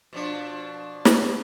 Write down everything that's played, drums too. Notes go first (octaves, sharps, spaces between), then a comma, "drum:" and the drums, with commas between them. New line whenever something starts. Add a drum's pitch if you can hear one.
B2 F3 D4
drum: snare